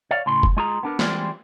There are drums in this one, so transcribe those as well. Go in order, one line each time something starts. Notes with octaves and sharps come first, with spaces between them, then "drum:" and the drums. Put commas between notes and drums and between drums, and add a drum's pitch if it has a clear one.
C#5 D5 F5
A2 C#3 C6
drum: kick F1
G#3 F4 G#4 A#5
B3 D4 A#4
E3 G3 G#3 C4 F4 D5, drum: snare